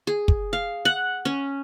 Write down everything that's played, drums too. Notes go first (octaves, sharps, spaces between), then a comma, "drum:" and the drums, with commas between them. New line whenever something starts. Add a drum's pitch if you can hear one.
G#4
drum: kick
F5
F#5
C#4